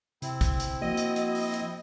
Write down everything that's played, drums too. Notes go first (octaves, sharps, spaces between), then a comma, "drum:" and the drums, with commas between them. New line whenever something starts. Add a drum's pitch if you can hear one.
C3 C4 E4, drum: hi-hat
drum: kick, hi-hat
drum: hi-hat
F3 A#3 F#4 D#5
drum: hi-hat
drum: hi-hat
drum: open hi-hat
drum: hi-hat